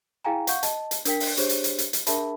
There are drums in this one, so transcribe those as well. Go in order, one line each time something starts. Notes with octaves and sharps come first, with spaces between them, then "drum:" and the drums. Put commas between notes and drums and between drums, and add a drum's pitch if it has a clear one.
E4 G#4 F5 G5 G#5 A#5
F5 F#5 C#6 G6, drum: hi-hat
D#5 A5, drum: hi-hat
drum: hi-hat
D4 A#4 G5 B6, drum: hi-hat
drum: open hi-hat
D4 G4 G#4 C5 C#5, drum: hi-hat
drum: hi-hat
drum: hi-hat
drum: hi-hat
drum: hi-hat
D4 G#4 A#4 E5 A5 B5, drum: hi-hat